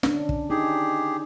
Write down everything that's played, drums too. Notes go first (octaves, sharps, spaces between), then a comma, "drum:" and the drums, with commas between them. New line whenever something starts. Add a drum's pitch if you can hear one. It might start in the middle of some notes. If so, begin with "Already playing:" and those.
C#4 D4, drum: snare
drum: kick
D#4 G4 G#4